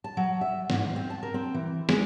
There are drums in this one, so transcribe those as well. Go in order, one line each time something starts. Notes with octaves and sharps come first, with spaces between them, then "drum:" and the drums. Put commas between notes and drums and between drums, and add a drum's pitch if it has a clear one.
A5
F#3
E5
G#2, drum: snare
C4
A5
A#4
C4
E3
G#3, drum: snare